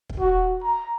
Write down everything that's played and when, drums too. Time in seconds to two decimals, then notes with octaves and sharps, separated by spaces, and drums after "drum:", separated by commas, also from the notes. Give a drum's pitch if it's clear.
0.09 drum: kick
0.20 F#4
0.64 A#5